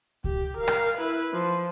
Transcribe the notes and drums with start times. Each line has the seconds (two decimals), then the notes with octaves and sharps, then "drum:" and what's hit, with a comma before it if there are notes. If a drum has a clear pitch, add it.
0.24 G4, drum: kick C#2
0.57 A#4 F5
0.68 drum: rim click
0.97 E4 B4
1.33 F3